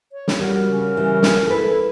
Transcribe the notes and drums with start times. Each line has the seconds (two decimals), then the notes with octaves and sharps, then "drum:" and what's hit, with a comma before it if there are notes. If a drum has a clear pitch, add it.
0.12 C#5
0.28 drum: snare
0.39 G3 F#4 A#4
0.69 C#3
0.97 E3 G3
1.23 drum: snare
1.46 E4 A4 B4